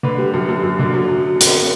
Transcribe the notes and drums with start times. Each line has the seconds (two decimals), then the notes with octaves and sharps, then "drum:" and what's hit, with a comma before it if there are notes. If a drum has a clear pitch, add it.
0.03 D3 B4
0.18 G3
0.34 F#2
0.49 F#2
0.63 F#2
0.79 D3
0.94 F#3
1.08 F#2
1.40 drum: hi-hat